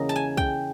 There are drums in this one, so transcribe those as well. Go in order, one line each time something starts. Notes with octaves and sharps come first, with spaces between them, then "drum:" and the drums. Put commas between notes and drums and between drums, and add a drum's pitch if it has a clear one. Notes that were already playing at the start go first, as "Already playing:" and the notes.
Already playing: E2 C#3 A#3 D#5
A5
G#5
G5, drum: kick